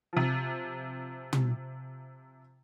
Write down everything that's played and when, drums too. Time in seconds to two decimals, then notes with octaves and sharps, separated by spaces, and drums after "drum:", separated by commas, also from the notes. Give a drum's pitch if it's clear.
0.13 C3 F3
1.33 drum: tom